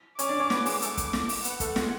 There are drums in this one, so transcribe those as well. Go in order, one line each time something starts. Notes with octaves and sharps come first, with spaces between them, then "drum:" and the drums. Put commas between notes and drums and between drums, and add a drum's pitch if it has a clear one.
C#4 C#5 D6, drum: hi-hat
D4 D5
C#4 C#5
B3 B4, drum: snare
G#3 G#4, drum: open hi-hat
G#4
A3 A4 D6, drum: hi-hat
drum: kick, hi-hat
drum: snare
drum: open hi-hat
B3 B4 F#5, drum: hi-hat
A3 A4, drum: kick, hi-hat
G#3 G#4, drum: snare